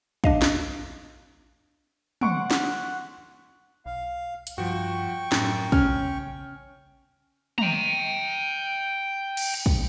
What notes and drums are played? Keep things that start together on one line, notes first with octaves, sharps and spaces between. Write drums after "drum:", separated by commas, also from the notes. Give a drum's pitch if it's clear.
D4 D#5 F5, drum: kick
drum: snare
F#5 C6 C#6 D7, drum: tom
drum: snare
B1 F5
drum: hi-hat
G2 F3 F#4 G5 C#6
F#2 A2, drum: snare
C#3 C#4 F6, drum: kick
G5 A#5, drum: tom
drum: cymbal
drum: kick